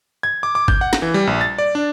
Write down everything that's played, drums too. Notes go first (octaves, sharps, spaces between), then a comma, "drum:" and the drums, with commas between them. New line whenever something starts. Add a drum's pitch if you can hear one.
G#6
D6
D6
G6, drum: kick
F#5
drum: snare
E3
G3
A#1
A6
D5
D4